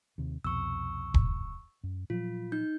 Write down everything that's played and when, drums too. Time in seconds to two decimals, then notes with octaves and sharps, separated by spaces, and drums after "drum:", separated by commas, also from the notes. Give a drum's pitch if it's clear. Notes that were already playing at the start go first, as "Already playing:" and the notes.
0.18 D#2 C3
0.44 C2 F2 B2 C#6 E6
1.14 drum: kick
1.83 F#2
2.10 A#2 F3 F#3 F4
2.52 D#4 G6